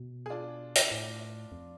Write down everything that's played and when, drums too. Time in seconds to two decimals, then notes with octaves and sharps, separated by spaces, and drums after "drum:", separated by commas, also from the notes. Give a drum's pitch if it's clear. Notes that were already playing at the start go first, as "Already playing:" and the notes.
Already playing: B2
0.26 G#4
0.30 D4 F4
0.75 drum: hi-hat
0.91 A2
1.52 F2